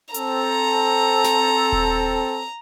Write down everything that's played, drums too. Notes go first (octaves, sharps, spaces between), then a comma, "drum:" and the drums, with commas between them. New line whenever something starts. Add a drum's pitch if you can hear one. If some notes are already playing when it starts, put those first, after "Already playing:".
C4 A4 A#5, drum: hi-hat
drum: snare
drum: kick D#1